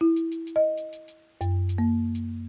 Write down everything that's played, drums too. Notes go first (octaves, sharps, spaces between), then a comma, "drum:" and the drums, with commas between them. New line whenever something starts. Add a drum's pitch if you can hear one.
E4
drum: hi-hat
drum: hi-hat
drum: hi-hat
D#5
drum: hi-hat
drum: hi-hat
drum: hi-hat
F#2, drum: hi-hat
drum: hi-hat
A#3
drum: hi-hat